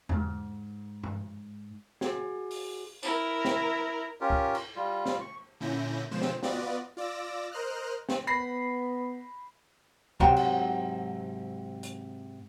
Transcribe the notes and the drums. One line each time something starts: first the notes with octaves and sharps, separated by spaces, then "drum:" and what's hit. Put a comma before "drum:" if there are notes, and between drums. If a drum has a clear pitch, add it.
B1 G#2, drum: tom E2
drum: tom G2
F#4 G#4, drum: snare
drum: open hi-hat
E4 A#4, drum: tambourine
drum: snare
C#4 F4 G4 A#4
drum: kick
drum: cymbal
G3 F4
drum: snare
C#6
A#2 D3 C#4 E4 G6 A#6
B2 D3 F3 G#3 C5 E7
drum: snare
B3 F4 F#4 B4 D5 D#5, drum: snare
F4 D5 D6 E6 A#6
A#4 C5 D#5 F6 F#6
drum: snare
B3 B5 A#6 C7
G#2 C3 F#3 F#4 G5 A#5, drum: kick
drum: cymbal
drum: hi-hat